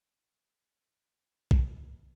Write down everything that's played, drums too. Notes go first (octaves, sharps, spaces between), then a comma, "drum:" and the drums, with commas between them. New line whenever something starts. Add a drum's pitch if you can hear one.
G#5
G5
drum: kick